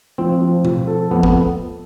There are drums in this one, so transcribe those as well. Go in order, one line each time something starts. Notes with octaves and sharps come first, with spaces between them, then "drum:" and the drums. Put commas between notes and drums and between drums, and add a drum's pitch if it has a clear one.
F3 C4
F3
F3, drum: tom B2
A4
F2 B3
B3, drum: kick